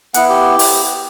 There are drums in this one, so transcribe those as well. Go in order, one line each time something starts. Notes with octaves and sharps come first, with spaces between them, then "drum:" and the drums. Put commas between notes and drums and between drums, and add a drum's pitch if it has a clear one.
B3 E4 F#5, drum: hi-hat
G4
drum: open hi-hat